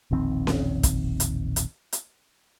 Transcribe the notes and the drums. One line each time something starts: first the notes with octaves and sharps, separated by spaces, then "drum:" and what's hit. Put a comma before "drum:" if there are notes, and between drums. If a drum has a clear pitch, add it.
E1 A#1 D#3 C4
drum: snare C#4
drum: kick, hi-hat
drum: hi-hat
drum: hi-hat
drum: hi-hat